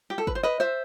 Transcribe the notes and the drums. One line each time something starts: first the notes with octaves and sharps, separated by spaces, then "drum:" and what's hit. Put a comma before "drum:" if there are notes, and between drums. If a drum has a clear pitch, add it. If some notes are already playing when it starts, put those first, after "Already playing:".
G4
A4
B4, drum: kick
C5
B4 D#5
C5 E5